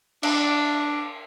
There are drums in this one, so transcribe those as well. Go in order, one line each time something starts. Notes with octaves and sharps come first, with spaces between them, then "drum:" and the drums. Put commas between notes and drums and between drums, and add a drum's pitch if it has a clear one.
D4, drum: cymbal